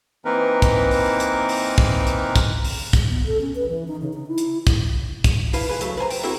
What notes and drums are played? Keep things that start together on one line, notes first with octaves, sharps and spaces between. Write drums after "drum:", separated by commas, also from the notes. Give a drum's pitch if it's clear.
E3 A#3 C4 D#4 A#4 B4
drum: kick, hi-hat
drum: open hi-hat
drum: hi-hat
drum: open hi-hat
drum: kick
drum: hi-hat
drum: kick, hi-hat
drum: open hi-hat
drum: kick, hi-hat
B3
A4
C#4
B4
E3
D#4
C#3
D#4
E4
drum: hi-hat
drum: kick, hi-hat
drum: kick, hi-hat
F3 E4 B4 F5, drum: open hi-hat
F3 G#4 B4
C#3 F#3 A3, drum: hi-hat
B4 C5 G#5 A#5
G5, drum: open hi-hat
C4 E4 F#4 G#4 A#4 E5